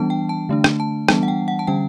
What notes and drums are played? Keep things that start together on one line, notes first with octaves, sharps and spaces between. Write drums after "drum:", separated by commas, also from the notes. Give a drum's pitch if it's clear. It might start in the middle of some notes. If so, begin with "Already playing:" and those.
Already playing: E3 G3 B3 D4 A5
G5
A5
D3 A3 D4
drum: rim click
A5
E3 G3 B3 D4 A5, drum: rim click
F#5
G5
F#5
A5
D3 G3 C#4 G5